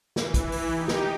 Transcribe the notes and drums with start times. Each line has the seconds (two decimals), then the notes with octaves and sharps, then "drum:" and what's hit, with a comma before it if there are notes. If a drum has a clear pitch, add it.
0.16 E3, drum: snare
0.34 drum: kick, hi-hat
0.52 drum: open hi-hat
0.74 D#4 G4
0.88 drum: snare